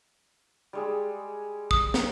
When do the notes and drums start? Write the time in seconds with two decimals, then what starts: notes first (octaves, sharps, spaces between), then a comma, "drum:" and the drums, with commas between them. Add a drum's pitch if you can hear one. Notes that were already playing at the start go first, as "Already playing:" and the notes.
0.73 G3 G#3 G#4
1.71 D#6, drum: kick
1.94 drum: snare